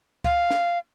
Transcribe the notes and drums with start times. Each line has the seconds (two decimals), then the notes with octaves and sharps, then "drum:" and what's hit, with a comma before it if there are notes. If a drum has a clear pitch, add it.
0.24 F5, drum: kick
0.51 drum: snare